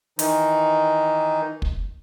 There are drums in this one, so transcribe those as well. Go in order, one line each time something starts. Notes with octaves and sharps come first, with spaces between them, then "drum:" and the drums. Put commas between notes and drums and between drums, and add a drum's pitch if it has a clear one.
D#3 E3 D#4, drum: hi-hat
drum: kick